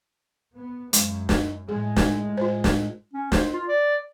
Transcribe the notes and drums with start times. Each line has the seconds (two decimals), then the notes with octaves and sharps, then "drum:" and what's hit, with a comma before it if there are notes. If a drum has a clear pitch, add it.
0.55 B3
0.93 F#2 G#3, drum: hi-hat
1.29 drum: snare
1.69 A2 G#3 G#4
1.96 drum: snare
2.37 F4 C5
2.64 drum: snare
3.13 C#4
3.32 C5, drum: snare
3.53 F4
3.68 D5